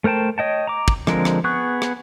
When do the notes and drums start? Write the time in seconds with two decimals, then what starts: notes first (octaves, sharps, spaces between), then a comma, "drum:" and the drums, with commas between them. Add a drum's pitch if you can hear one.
0.04 A3 A#4 C5 G5 A5
0.38 C#5 D#5 G5 A5
0.67 A#5 D6
0.88 drum: kick
1.07 D3 F3 G#3 C4 A#4, drum: rim click
1.25 drum: rim click
1.44 B3 G#4 C#6 F#6
1.82 drum: rim click